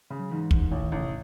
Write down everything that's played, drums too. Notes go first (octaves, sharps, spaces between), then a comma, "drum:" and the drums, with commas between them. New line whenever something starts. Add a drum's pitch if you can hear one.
C#3
F#3
G#2 E3
G#2, drum: kick
E3
A1 D#3
A1
C3